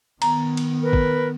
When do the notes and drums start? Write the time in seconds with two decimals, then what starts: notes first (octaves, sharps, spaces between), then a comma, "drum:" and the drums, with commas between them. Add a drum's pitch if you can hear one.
0.22 D#3 B3 A#5, drum: cymbal
0.57 drum: cymbal
0.83 A#4 B4
0.93 drum: kick